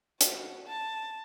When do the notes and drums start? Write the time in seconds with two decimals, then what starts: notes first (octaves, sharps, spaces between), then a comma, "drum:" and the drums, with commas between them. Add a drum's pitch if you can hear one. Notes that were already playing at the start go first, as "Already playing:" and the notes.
0.21 F#4, drum: hi-hat
0.67 A5